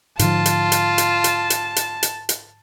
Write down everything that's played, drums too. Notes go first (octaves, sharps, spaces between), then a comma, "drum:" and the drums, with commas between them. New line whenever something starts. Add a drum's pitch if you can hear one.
G#2 D3 F3 F4 A5, drum: hi-hat
drum: hi-hat
drum: hi-hat
drum: hi-hat
drum: hi-hat
drum: hi-hat
drum: hi-hat
drum: hi-hat
drum: hi-hat